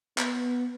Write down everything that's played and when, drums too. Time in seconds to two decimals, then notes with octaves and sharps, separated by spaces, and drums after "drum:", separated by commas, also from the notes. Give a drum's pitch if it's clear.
0.18 B3, drum: clap